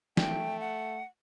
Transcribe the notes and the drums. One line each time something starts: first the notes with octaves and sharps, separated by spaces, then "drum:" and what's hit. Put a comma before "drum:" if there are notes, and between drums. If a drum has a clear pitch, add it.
A3 G5, drum: snare
F#5